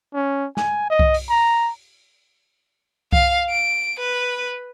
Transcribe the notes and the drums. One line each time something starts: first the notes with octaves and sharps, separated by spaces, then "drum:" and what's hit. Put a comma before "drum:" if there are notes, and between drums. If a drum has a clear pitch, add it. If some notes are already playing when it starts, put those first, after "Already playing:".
C#4
G#5, drum: snare
D#5
drum: kick C2
drum: open hi-hat
A#5
F5, drum: kick C2
D7
B4